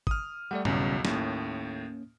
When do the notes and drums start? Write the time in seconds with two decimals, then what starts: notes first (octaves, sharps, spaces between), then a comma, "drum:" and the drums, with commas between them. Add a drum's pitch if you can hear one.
0.07 D#6 F6, drum: kick
0.51 G3 A3 D5 F#5
0.65 B1 E2 C#3 F#3 G3 C#4, drum: tom G2
1.05 D#2 A2 A#3 C#4, drum: snare